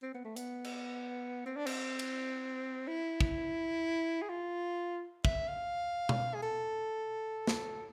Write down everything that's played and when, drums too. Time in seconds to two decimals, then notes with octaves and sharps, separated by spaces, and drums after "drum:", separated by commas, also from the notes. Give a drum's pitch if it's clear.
0.03 C4
0.14 B3
0.25 A3
0.36 B3, drum: hi-hat
0.64 drum: cymbal
1.46 C4
1.56 D4
1.66 C4, drum: cymbal
1.99 drum: cymbal
2.88 E4
3.21 drum: kick
4.22 G#4
4.29 F4
5.25 E5, drum: kick
5.48 F5
6.09 drum: tom B2
6.35 G#4
6.43 A4
7.47 drum: snare